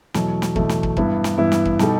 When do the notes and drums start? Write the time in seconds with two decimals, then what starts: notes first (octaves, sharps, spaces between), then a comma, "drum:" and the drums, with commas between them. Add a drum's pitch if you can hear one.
0.14 E2 B2 F#3 A3, drum: snare
0.42 drum: snare
0.56 E2 B2 F#3 A3, drum: kick
0.69 drum: snare
0.83 drum: kick
0.97 G2 E3 B3 E4, drum: kick
1.24 drum: snare
1.38 G2 E3 B3 E4
1.52 drum: snare
1.65 drum: kick
1.79 B2 G3 D#4 A4, drum: snare